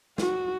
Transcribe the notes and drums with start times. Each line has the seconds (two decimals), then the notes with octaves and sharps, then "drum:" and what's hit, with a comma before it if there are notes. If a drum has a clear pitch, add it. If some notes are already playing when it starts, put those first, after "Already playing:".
0.18 F#4, drum: snare